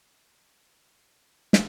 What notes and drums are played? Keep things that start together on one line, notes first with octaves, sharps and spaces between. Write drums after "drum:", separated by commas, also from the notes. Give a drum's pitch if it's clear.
C#4
B3
C#4
D#3
F#3
drum: snare